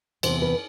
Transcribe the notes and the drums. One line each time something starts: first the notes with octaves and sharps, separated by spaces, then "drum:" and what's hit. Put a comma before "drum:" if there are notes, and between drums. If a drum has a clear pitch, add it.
E2 C3 E3 C5, drum: cymbal
B4